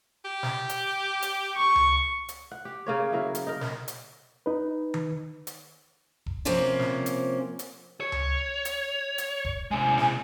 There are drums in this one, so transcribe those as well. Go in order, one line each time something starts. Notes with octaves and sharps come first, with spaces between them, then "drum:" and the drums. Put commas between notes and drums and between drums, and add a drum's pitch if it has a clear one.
G4
drum: snare
drum: hi-hat
drum: hi-hat
C#6
drum: tom C#2
drum: hi-hat
F#5
G4
C#3 A#3 C#5
F#3 A#3 E4
drum: hi-hat
D#4 A#4
drum: snare
drum: hi-hat
D#4 B4
drum: tom D#3
drum: hi-hat
drum: kick E1
C3 F3 A#3 C4 C#4
drum: snare
drum: hi-hat
drum: hi-hat
C#5
drum: tom C#2
drum: hi-hat
drum: hi-hat
drum: kick E1
C3 G#3 G#5
drum: snare